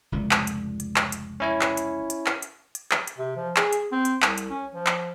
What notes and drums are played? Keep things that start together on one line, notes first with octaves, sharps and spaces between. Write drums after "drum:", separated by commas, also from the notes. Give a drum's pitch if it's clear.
F1 C#2 A#2
drum: clap
drum: hi-hat
drum: hi-hat
drum: clap
drum: hi-hat
C#4 E4 C#5
drum: clap
drum: hi-hat
drum: hi-hat
drum: clap
drum: hi-hat
drum: hi-hat
drum: clap
drum: hi-hat
C3
F3
G#4, drum: clap
drum: hi-hat
C4
drum: hi-hat
C2, drum: clap
drum: hi-hat
C#4
F3
drum: clap